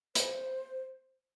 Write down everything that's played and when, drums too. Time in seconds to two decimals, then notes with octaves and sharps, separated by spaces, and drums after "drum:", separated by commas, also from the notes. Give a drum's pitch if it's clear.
0.15 C5, drum: hi-hat